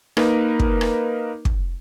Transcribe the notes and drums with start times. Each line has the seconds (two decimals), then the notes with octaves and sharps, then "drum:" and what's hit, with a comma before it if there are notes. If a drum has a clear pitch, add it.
0.17 A#3 D#4 A#4 B4, drum: rim click
0.60 drum: kick
0.81 drum: rim click
1.45 drum: kick